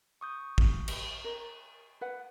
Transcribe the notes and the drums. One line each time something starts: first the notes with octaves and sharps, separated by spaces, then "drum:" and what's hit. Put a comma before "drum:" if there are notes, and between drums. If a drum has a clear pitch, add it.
C#6 D#6 G6
drum: kick
drum: cymbal
A#4
B4 F#5